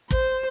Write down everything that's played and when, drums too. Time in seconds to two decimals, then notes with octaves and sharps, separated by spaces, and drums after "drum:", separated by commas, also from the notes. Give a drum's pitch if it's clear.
0.11 C5, drum: kick